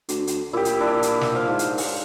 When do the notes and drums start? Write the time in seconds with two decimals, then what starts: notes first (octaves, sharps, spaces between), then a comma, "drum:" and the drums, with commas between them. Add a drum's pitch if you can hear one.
0.09 D2, drum: hi-hat
0.27 drum: hi-hat
0.53 A#2 E4 G4
0.65 drum: hi-hat
0.80 D4 E4
1.03 drum: hi-hat
1.21 drum: snare
1.35 C5 F5
1.48 G#2
1.59 drum: hi-hat
1.78 drum: open hi-hat